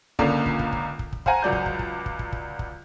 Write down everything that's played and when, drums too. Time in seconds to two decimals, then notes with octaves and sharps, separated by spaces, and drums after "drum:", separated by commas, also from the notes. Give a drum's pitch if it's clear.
0.19 C#2 D3 A#3 C#4 D5, drum: kick
0.46 drum: kick
0.59 drum: kick
0.73 drum: kick
0.99 drum: kick
1.13 drum: kick
1.26 C5 F5 F#5 G#5 A#5, drum: kick
1.42 C#2 F#3 D5 G6
1.53 drum: kick
1.66 drum: kick
1.79 drum: kick
2.06 drum: kick
2.19 drum: kick
2.33 drum: kick
2.59 drum: kick